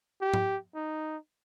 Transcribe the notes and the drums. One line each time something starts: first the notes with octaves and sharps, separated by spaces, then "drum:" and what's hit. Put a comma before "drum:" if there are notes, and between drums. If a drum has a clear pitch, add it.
G4
drum: tom G#2
D#4